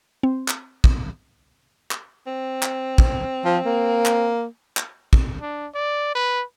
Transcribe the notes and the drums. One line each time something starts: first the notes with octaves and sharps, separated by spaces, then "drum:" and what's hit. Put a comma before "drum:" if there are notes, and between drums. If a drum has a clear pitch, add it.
C4
drum: clap
drum: kick
drum: clap
C4
drum: clap
drum: kick
F3
A#3
drum: clap
drum: clap
drum: kick
D4
D5
B4